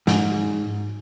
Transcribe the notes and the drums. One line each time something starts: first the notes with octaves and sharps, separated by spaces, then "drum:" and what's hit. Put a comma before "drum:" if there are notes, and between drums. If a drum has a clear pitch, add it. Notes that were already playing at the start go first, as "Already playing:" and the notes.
G#2, drum: snare